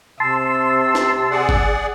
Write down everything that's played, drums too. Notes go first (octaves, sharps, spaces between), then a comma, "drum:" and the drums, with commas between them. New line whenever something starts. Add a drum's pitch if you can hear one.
C3 A5 C6 E6
drum: snare
G#4 D5 F#5
drum: kick G1